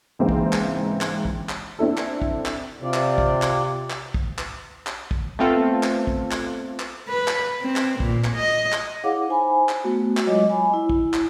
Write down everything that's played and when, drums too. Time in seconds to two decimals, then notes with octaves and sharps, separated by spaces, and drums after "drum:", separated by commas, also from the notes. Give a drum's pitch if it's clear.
0.19 G#2 C#3 E3 A#3 C4 D#4
0.29 drum: kick
0.53 drum: clap
1.01 drum: clap
1.25 drum: kick
1.49 drum: clap
1.79 C4 D4 E4 A4
1.97 drum: clap
2.22 drum: kick
2.46 drum: clap
2.82 C3 F4 D5
2.94 drum: clap
3.18 drum: kick
3.42 drum: clap
3.90 drum: clap
4.14 drum: kick
4.39 drum: clap
4.87 drum: clap
5.11 drum: kick
5.39 A3 B3 C4 F4 A4
5.83 drum: clap
6.07 drum: kick
6.31 drum: clap
6.80 drum: clap
7.09 B4
7.28 drum: clap
7.61 C4
7.76 drum: clap
8.00 A#2, drum: kick
8.24 drum: clap
8.36 D#5
8.72 drum: clap
9.04 E4 G#4 C#5 F5 F#5 D6
9.28 D#4 C5 G#5 B5
9.69 drum: clap
9.84 A3 B3 F#4
10.17 drum: clap
10.26 F#3 G#3 F4 C#5 D#5 D6
10.50 G#5 B5
10.74 E4
10.89 drum: kick
11.14 drum: clap